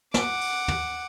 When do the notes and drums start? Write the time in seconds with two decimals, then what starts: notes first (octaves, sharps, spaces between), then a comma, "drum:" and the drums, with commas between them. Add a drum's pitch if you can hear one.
0.14 F#5 D6, drum: snare
0.41 drum: open hi-hat
0.68 drum: tom